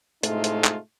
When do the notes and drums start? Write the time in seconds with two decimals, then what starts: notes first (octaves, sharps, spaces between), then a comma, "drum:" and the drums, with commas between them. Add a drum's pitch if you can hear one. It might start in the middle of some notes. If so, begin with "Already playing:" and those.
0.23 A2 C3 G#3 A3 D#4 F4, drum: hi-hat
0.44 drum: hi-hat
0.64 drum: clap